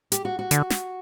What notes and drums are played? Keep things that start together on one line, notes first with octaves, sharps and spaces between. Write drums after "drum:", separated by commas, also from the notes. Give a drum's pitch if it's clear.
G4, drum: hi-hat
F#4
F#4
D3, drum: hi-hat
drum: snare